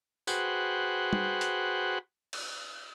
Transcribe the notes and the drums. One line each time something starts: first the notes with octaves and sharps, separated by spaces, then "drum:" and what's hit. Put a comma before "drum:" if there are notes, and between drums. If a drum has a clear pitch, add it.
F#4 G#4 B4 C5 F#5 G5, drum: tambourine
drum: tom
drum: hi-hat
drum: cymbal